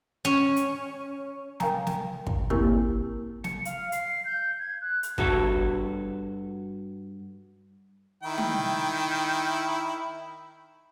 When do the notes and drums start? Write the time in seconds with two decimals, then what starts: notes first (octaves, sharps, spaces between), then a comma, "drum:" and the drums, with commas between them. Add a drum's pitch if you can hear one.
0.25 C#4
0.56 drum: hi-hat
1.60 A#4 F5 G5 G#5 A#5, drum: snare
1.87 drum: snare
2.27 drum: kick
2.50 A#3 C4 E4 G4 A#4, drum: kick
3.44 C#7, drum: snare
3.65 F5, drum: hi-hat
3.92 C7, drum: hi-hat
4.25 G6
4.59 G#6
4.81 F#6
5.03 drum: hi-hat
5.18 G2 F#4 A4, drum: kick
8.23 D#3 E4 G5
8.38 drum: tom